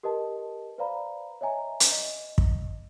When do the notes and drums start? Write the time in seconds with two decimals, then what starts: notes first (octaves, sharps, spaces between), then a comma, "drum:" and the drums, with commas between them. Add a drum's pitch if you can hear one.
0.03 G4 A#4 B4 D#5 A5
0.78 B4 C5 D5 F5 A#5 B5
1.41 C#5 D#5 E5 G#5 A#5
1.80 drum: hi-hat
1.92 D#5
2.38 drum: kick